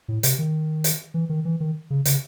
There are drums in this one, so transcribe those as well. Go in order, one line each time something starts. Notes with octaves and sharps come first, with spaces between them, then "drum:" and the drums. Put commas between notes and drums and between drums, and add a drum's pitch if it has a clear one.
A2
C3, drum: hi-hat
D#3
drum: hi-hat
E3
D#3
E3
D#3
C#3
C#3, drum: hi-hat